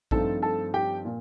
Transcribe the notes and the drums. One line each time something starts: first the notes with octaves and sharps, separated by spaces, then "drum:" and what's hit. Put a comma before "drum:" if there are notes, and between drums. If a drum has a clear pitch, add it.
G2 F3 A3 C4 D#4 A4 A5, drum: kick A1
A4 A5
G4 G5
A#2